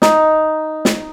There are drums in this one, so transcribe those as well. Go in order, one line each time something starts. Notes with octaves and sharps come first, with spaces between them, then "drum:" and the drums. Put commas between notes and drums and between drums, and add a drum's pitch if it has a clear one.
D#4, drum: snare
drum: snare